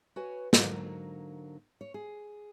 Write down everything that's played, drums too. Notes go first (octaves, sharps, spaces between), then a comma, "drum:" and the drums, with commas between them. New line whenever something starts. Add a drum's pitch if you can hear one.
F#4 B4 C#5 G#5
G#2 D3 F#3 A#3, drum: snare
C#5
G#4